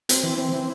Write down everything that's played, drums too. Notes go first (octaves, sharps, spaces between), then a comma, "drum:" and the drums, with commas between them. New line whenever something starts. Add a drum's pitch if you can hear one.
C4, drum: hi-hat
E3
C4
E3